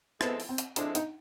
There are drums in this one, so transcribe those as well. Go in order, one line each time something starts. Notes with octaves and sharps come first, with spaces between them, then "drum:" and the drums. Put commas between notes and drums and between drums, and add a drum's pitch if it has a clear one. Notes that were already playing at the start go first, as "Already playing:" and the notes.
F3 G#3 B3 C4 E4 A4, drum: rim click
drum: open hi-hat
C4
drum: hi-hat
F3 G#3 C4 D4 E4 A4, drum: hi-hat
D#4, drum: hi-hat